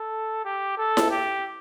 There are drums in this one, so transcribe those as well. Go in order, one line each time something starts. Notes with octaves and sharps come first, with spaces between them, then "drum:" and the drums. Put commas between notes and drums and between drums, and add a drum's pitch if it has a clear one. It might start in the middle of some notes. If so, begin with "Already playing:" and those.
Already playing: A4
G4
A4
drum: snare E4
G4